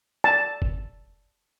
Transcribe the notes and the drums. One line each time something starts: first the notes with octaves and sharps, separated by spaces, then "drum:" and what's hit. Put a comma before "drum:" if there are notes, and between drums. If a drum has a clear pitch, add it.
A5
drum: kick